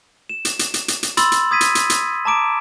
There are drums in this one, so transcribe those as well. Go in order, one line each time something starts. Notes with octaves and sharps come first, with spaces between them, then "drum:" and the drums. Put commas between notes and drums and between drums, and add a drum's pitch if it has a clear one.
E7
drum: hi-hat
drum: hi-hat
drum: hi-hat
drum: hi-hat
drum: hi-hat
B5 C6 E6 A6 F#7, drum: hi-hat
drum: hi-hat
D#6 G#6 B6 D#7
drum: hi-hat
drum: hi-hat
drum: hi-hat
A5 A#5 D6 D7 E7